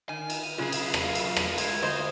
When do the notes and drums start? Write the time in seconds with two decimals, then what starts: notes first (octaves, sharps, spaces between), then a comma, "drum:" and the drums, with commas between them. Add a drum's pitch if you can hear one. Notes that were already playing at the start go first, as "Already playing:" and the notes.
0.09 D#3 G#5
0.30 drum: cymbal
0.58 B1 C#3 F4 G#4
0.72 drum: cymbal
0.94 drum: rim click
1.04 F5
1.15 drum: cymbal
1.37 drum: rim click
1.58 G#3 F4 G#6, drum: cymbal
1.83 D2 C5 D#5